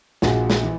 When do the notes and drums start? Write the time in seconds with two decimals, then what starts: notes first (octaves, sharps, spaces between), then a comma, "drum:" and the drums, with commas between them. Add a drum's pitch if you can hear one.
0.22 A#1 A#2 F#4 G#4, drum: snare
0.50 drum: snare
0.63 E3